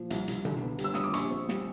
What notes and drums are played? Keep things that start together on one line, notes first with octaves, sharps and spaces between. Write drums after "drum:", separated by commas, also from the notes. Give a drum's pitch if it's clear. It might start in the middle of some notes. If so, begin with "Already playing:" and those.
Already playing: A#2 F3
C2, drum: hi-hat
C2, drum: hi-hat
D3, drum: tom B2
B3
G3, drum: hi-hat
E6
G3 D#6, drum: snare
D6
A#1 C#6, drum: hi-hat
C4
G3, drum: snare